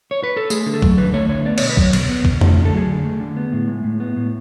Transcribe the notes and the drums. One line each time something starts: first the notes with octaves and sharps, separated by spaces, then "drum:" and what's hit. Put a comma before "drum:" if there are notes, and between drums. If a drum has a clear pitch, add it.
C#5
B4
A4
A3 G#4, drum: tambourine
D3
A4
F#3, drum: kick
D3 B4
A3 C#5
D3 C#5
B3 D5
C#5, drum: cymbal
B2
B4
F#3 C#5, drum: kick
B2, drum: cymbal
B3
B2, drum: kick
A3, drum: tom F2
D3
A4
F#3 G#4
D3
A3
D3
B3
A2
G#3
A2
B3
A2